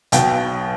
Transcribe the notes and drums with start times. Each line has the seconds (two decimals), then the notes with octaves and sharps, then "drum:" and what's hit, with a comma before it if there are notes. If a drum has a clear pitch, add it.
0.12 B1 B2 G5, drum: hi-hat